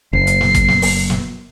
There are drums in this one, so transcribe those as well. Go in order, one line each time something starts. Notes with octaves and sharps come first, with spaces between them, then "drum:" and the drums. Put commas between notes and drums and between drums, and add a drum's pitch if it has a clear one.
F#1 C7
drum: hi-hat
drum: snare
drum: kick, hi-hat
drum: snare
drum: open hi-hat
drum: snare